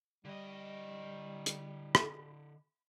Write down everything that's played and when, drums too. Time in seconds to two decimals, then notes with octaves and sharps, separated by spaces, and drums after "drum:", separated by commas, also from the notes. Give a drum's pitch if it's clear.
0.25 D3 G3 D#5
1.46 drum: hi-hat
1.95 drum: rim click